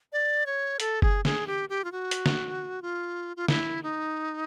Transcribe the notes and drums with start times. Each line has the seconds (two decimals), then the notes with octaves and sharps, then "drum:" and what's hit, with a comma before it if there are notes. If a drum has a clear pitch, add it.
0.12 D5
0.46 C#5
0.80 A4, drum: hi-hat
1.02 G#4, drum: kick F#1
1.25 G#4, drum: snare
1.47 G4
1.69 G4
1.84 F4
1.92 F#4
2.11 drum: hi-hat
2.26 drum: snare
2.82 F4
3.37 F4
3.48 E4, drum: snare
3.83 D#4